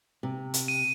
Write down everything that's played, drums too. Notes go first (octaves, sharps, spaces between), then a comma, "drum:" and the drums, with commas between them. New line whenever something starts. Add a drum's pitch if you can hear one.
C3
drum: hi-hat
D#7